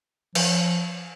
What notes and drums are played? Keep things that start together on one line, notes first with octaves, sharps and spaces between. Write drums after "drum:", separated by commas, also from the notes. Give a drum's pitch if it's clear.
F3, drum: cymbal